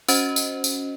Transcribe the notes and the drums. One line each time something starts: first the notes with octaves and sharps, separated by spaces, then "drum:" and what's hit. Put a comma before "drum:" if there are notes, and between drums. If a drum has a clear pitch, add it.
C#4 F#4 C5 D#5, drum: tambourine
drum: tambourine
drum: tambourine